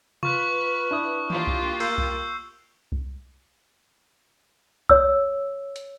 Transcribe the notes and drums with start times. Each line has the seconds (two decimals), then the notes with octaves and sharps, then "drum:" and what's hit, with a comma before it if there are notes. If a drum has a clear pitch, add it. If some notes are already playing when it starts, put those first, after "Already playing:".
0.23 F4 B4 C#6 F6 F#6, drum: tom C3
0.91 D4 E4 D#6
1.30 A#3 F4 G4, drum: tom D#3
1.47 drum: kick C2
1.80 A#4 E6 G6 C7, drum: cymbal
1.98 drum: kick C2
2.92 drum: kick C2
4.89 C#5 E6, drum: kick C2
5.76 drum: hi-hat